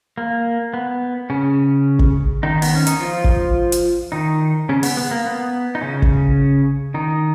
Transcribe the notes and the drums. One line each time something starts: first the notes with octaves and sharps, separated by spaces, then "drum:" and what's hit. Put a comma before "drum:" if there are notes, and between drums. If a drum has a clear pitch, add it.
A#3
B3
C#3 C#4
drum: kick
D#3 D#4
B3, drum: open hi-hat
C#4
D#4, drum: hi-hat
F3 F4
drum: kick
drum: hi-hat
D#3 D#4
C#3 C#4
B3, drum: open hi-hat
B3
A#3
B3
D#4
C#3 C#4
drum: kick
D#3 D#4